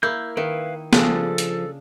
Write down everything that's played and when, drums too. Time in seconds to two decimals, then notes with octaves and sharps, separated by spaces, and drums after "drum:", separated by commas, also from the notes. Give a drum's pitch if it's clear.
0.03 A#3 E4 G6
0.37 D#3 A#4 B4 E5 F5
0.93 C#3 F3 D4 A4, drum: snare
1.38 drum: hi-hat